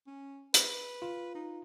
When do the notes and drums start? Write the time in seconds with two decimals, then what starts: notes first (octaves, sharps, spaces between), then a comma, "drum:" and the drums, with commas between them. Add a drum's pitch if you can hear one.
0.07 C#4
0.54 B4, drum: hi-hat
1.02 F4
1.35 D#4